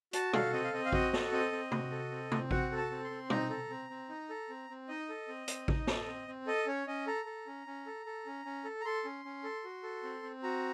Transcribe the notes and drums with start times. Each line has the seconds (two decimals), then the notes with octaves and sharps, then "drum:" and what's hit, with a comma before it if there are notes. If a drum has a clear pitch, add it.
0.13 F#4 A5, drum: hi-hat
0.33 A4 F5, drum: tom B2
0.53 C4 D#5
0.64 F5
0.73 C4 D#5
0.85 F5
0.92 F#4 D#5, drum: kick A1
1.13 A4, drum: snare
1.32 C4 D#5
1.52 C4
1.71 F#4, drum: tom C3
1.91 A4
2.11 C4
2.31 C4, drum: tom C3
2.51 F#4 F#5, drum: kick A1
2.71 A4
2.77 A5
2.91 C4
3.04 C6
3.10 C4
3.30 D#4 A#5, drum: tom B2
3.50 A4
3.70 C4
3.90 C4
4.09 D#4
4.30 A4
4.49 C4
4.70 C4
4.88 D#4 D#5
5.09 A4
5.28 C4
5.48 C4, drum: hi-hat
5.68 D#4, drum: kick A1
5.87 A4, drum: snare
6.07 C4
6.28 C4
6.47 A4 D#5
6.66 C#4 C#5
6.87 C#4 D#5
7.07 A4 A#5
7.26 A4
7.47 C#4
7.67 C#4
7.86 A4
8.06 A4
8.26 C#4
8.45 C#4
8.64 A4
8.81 A#5
8.85 A4 C6
9.05 C#4
9.25 C#4
9.44 A4
9.64 F#4
9.83 A4
10.03 C4
10.23 C4
10.43 F#4 A#5